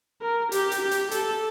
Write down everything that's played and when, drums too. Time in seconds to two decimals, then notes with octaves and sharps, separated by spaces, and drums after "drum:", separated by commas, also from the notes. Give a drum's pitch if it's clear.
0.22 A#4
0.52 G4, drum: hi-hat
0.72 drum: hi-hat
0.81 G4
0.91 drum: hi-hat
1.11 A4, drum: hi-hat